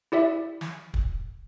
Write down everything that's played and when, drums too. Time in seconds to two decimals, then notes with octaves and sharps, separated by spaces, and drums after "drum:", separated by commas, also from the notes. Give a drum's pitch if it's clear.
0.12 E4 G4 D5 E5
0.61 drum: snare
0.94 drum: kick